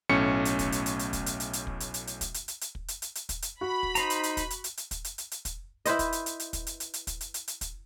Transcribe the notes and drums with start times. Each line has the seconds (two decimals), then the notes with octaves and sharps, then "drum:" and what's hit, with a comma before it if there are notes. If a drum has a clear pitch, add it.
0.09 B1 A2 A3 C#4 C#6 C#7
0.45 drum: hi-hat
0.59 drum: kick, hi-hat
0.72 drum: hi-hat
0.86 drum: hi-hat
0.99 drum: hi-hat
1.13 drum: kick, hi-hat
1.26 drum: hi-hat
1.40 drum: hi-hat
1.53 drum: hi-hat
1.67 drum: kick
1.80 drum: hi-hat
1.94 drum: hi-hat
2.07 drum: hi-hat
2.21 drum: kick, hi-hat
2.34 drum: hi-hat
2.48 drum: hi-hat
2.61 drum: hi-hat
2.75 drum: kick
2.88 drum: hi-hat
3.02 drum: hi-hat
3.15 drum: hi-hat
3.29 drum: kick, hi-hat
3.42 drum: hi-hat
3.61 F#4 B5
3.83 drum: kick
3.95 D#4 C5 A#5, drum: hi-hat
4.10 drum: hi-hat
4.23 drum: hi-hat
4.37 drum: kick, hi-hat
4.50 drum: hi-hat
4.64 drum: hi-hat
4.77 drum: hi-hat
4.91 drum: kick, hi-hat
5.04 drum: hi-hat
5.18 drum: hi-hat
5.31 drum: hi-hat
5.45 drum: kick, hi-hat
5.86 E4 B4 C5 D#5, drum: hi-hat
5.99 drum: kick, hi-hat
6.13 drum: hi-hat
6.26 drum: hi-hat
6.40 drum: hi-hat
6.53 drum: kick, hi-hat
6.67 drum: hi-hat
6.80 drum: hi-hat
6.94 drum: hi-hat
7.07 drum: kick, hi-hat
7.21 drum: hi-hat
7.34 drum: hi-hat
7.48 drum: hi-hat
7.61 drum: kick, hi-hat